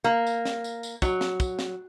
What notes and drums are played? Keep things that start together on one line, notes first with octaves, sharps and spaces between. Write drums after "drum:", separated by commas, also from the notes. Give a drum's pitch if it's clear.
A#3
drum: tambourine
drum: snare
drum: tambourine
drum: tambourine
F#3, drum: kick, tambourine
drum: snare
drum: kick, tambourine
drum: snare